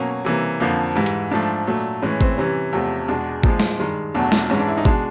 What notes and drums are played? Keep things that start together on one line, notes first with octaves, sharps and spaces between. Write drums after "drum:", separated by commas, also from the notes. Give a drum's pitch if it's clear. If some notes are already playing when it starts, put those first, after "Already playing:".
Already playing: B2 F#3 A#3 C#4
C3 E3 G3 A#3
F2 D3 F3 A#3
G#2 E3 G3
drum: hi-hat
G#2 F3 A3 D4
A#2 F#3 A3
A2 E3 G#3 C#4
C4, drum: kick G#1
C3 E3 G3 C#4
E2 C3 F3 A3
E2 B2 G#3 D4
A#2 F3 G#3, drum: kick G#1
drum: snare
G2 D#3 G#3
E2 B2 F#3 A3 D4
drum: snare
G#2 E3 G#3 C#4
D4
E4
D#4
B2 G#3 D4, drum: kick G#1